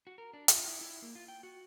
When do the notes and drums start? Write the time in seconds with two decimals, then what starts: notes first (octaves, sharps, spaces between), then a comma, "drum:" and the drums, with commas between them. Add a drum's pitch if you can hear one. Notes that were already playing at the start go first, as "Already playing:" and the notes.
0.07 F#4
0.18 A#4
0.33 D4
0.48 F4, drum: hi-hat
0.68 E4
0.81 E4
1.02 A#3
1.15 F4
1.28 G5
1.43 F#4